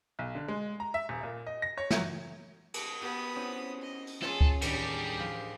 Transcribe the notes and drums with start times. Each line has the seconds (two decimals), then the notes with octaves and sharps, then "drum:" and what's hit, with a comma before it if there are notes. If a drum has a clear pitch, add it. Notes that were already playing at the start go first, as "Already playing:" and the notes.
0.19 B1
0.35 D3
0.48 G#3
0.80 A#5
0.94 E5
1.09 D#1
1.23 A#2
1.47 D#5
1.62 A#6
1.77 C#5
1.91 F#3, drum: snare
2.74 drum: cymbal
3.01 B3 F#4 G4 B4 D#6
3.36 C4 C#4 E4
3.82 D#5
4.07 drum: open hi-hat
4.22 C#4 F4 G#4 A4 C#7, drum: rim click
4.41 drum: kick C#2
4.62 D#2 A2 G3 D4 G4 G#4, drum: cymbal
5.20 F3 F5